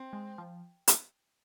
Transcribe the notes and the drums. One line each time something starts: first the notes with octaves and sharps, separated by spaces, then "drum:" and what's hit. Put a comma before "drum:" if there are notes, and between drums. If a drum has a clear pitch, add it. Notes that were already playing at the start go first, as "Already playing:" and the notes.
Already playing: C4
G#3
F3
drum: hi-hat